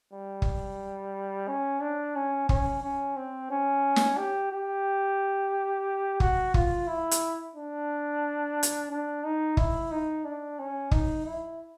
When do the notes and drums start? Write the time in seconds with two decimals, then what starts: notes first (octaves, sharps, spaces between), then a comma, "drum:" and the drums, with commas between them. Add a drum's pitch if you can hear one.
0.13 G3
0.42 drum: kick
1.48 C#4
1.81 D4
2.16 C#4
2.49 C#4, drum: kick
2.83 C#4
3.16 C4
3.50 C#4
3.96 drum: snare
4.18 G4
4.51 G4
6.20 F#4, drum: kick
6.54 F4, drum: kick
6.87 E4
7.11 drum: hi-hat
7.55 D4
8.63 drum: hi-hat
8.90 D4
9.24 D#4
9.57 E4, drum: kick
9.91 D#4
10.25 D4
10.59 C#4
10.91 D#4, drum: kick
11.26 E4